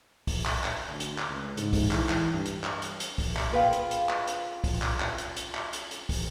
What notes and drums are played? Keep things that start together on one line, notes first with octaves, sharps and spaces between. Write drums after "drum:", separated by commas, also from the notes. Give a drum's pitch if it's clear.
drum: kick, open hi-hat
drum: clap
drum: clap
D2
drum: hi-hat
drum: clap
C#2
G#2, drum: hi-hat
drum: kick, open hi-hat
E3, drum: clap
drum: clap
G2
drum: hi-hat
drum: clap
drum: hi-hat
drum: hi-hat
drum: kick, open hi-hat
drum: clap
F4 G#4 B4 C5 F5 G5
drum: hi-hat
drum: hi-hat
drum: clap
drum: hi-hat
drum: kick, open hi-hat
drum: clap
drum: clap
drum: hi-hat
drum: hi-hat
drum: clap
drum: hi-hat
drum: hi-hat
drum: kick, open hi-hat